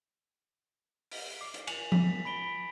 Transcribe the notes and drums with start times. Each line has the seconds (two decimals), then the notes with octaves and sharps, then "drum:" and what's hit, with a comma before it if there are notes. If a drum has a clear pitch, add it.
1.11 drum: open hi-hat
1.41 D6 C7
1.54 drum: hi-hat
1.67 G#5 F7 F#7, drum: cymbal
1.92 B6, drum: tom F3
2.25 B5 B6 D7 G7